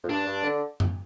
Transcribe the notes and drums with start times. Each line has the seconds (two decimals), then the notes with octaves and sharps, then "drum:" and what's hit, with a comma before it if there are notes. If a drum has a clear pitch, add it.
0.03 F2
0.09 G2 D4
0.26 G2
0.44 D3
0.80 drum: tom F#2